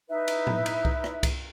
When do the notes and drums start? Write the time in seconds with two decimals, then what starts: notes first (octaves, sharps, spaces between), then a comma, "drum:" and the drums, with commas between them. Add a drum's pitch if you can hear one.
0.09 D#4 E4 B4 E5
0.28 drum: cymbal
0.47 drum: tom A2
0.66 drum: cymbal
0.85 drum: kick C2
1.04 drum: rim click
1.23 drum: kick C2, cymbal